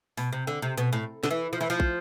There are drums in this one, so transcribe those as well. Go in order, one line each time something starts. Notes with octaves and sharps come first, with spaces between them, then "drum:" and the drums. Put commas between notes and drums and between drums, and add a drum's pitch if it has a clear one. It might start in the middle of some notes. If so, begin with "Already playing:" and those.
B2, drum: open hi-hat
C3
D3
C3
B2, drum: hi-hat
A2
D3, drum: snare
E3
F3
E3
F3
drum: kick